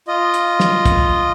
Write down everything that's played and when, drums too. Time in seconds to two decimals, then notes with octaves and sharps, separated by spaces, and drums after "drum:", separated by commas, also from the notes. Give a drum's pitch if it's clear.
0.08 F4 D#5
0.34 drum: hi-hat
0.60 drum: snare
0.85 drum: kick, hi-hat